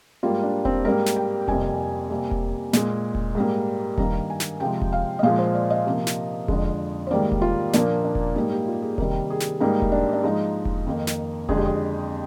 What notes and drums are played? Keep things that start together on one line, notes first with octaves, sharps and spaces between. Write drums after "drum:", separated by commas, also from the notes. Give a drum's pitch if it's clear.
G#2 G3 A#3 F4
D4
C4, drum: kick E1
G#2 G3 A#3 A#4
drum: snare
G5
F2 C3 G3 A#3 G#5, drum: kick E1
C3 G3 A#3
drum: kick E1
A#2 G#3, drum: snare
drum: kick E1
G#2 G3 A#3
G2 D#3 A#3 A#5, drum: kick E1
G#5
drum: snare
C3 F3 G#3 G5
drum: kick E1
F5
D#5
A#2 F3 G#3 F5
C5
D5
D#5
C3 F3 A#3
drum: snare
F2 D3 F3 G#3, drum: kick E1
C5
G#2 D#3 G3 A#3 D5
drum: kick E1
F4
A#2 F3 A#3 D4, drum: snare
D4
drum: kick E1
G#2 G3 A#3 D#4
G4
F4
G#4
C3 D#3 G3 A#4, drum: kick E1
G#4
drum: snare
G#2 G3 A#3 D#4
drum: kick E1
D4
D4
G#2 F3 G#3 D#4
drum: kick E1
F2 D#3 A#3
drum: snare
F2 D3 G#3 G#4, drum: kick E1
G4
G#4